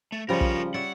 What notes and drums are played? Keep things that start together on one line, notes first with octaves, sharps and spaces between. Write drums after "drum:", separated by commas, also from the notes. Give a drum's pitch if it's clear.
A3
C#3 F3 G3 F4 A#4 C#5
drum: kick
C#5 D5 E5 F#5